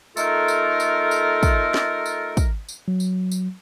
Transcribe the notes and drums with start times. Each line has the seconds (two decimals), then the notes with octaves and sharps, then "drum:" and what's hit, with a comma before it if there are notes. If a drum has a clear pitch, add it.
0.17 A3 D#4 F4 A4 A#4, drum: tambourine
0.48 drum: tambourine
0.80 drum: tambourine
1.11 drum: tambourine
1.43 drum: kick, tambourine
1.74 drum: snare
2.06 drum: tambourine
2.37 drum: kick, tambourine
2.69 drum: tambourine
2.88 F#3
3.00 drum: tambourine
3.31 drum: tambourine